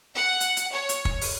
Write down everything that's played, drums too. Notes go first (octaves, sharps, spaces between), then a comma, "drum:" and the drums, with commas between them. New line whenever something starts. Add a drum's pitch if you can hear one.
F#5
drum: hi-hat
drum: hi-hat
C#5
drum: hi-hat
drum: kick
drum: open hi-hat